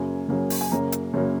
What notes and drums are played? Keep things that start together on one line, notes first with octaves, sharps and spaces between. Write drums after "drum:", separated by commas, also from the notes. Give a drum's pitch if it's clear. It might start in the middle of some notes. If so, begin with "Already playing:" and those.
Already playing: F#2 C#3 F#3 A#3 G#5
F#2 C#3 F#3 A#3
drum: open hi-hat
G#5
F#2 C#3 F#3 A#3 A#5
drum: hi-hat
F#2 C#3 F#3 A#3